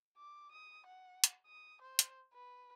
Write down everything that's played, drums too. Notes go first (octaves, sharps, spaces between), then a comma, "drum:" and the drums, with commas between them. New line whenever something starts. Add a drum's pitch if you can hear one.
D6
D#6
F#5
drum: hi-hat
D#6
C5
drum: hi-hat
B4